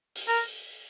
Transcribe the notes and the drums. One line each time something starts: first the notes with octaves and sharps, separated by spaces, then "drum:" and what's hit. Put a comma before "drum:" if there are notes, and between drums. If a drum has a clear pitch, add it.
drum: open hi-hat
A#4